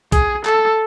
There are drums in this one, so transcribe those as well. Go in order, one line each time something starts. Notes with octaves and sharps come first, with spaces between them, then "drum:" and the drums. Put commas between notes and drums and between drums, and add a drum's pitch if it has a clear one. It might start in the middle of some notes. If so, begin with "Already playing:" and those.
G#4, drum: kick B1, hi-hat
A4, drum: clap